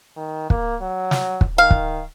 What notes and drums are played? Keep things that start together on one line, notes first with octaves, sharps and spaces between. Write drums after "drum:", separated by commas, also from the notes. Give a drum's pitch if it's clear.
D#3
A#3, drum: kick
F#3
drum: snare
drum: kick
D#3 F5
drum: kick